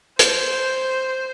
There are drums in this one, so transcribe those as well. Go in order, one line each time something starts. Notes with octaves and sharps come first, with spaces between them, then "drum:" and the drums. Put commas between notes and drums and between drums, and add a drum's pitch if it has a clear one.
C5, drum: hi-hat